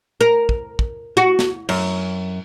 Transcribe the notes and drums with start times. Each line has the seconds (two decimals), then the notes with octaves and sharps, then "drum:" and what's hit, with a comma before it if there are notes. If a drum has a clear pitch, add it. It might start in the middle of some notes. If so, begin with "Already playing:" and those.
0.21 A#4
0.49 drum: kick
0.79 drum: kick
1.17 F#4
1.39 drum: snare
1.69 F#2, drum: cymbal